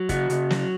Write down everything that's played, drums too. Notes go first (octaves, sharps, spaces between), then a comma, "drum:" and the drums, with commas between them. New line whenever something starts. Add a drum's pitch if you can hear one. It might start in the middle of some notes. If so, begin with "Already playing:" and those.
Already playing: F#3
C#3 F#4, drum: kick, hi-hat
C#3, drum: hi-hat
F#3, drum: snare